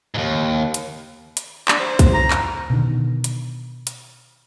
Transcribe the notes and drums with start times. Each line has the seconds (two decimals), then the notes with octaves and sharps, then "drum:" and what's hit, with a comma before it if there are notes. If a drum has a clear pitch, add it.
0.14 D#2 G#2
0.74 drum: hi-hat
1.37 drum: hi-hat
1.68 D4, drum: clap
1.80 C5
1.99 drum: kick, hi-hat
2.14 A#5
2.31 drum: clap
2.70 B2 D3 D#3
3.24 drum: hi-hat
3.87 drum: hi-hat